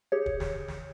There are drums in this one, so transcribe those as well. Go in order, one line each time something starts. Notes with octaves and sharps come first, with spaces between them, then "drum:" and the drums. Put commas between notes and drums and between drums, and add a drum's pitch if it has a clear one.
G4 G#4 C#5
drum: kick
drum: snare
drum: snare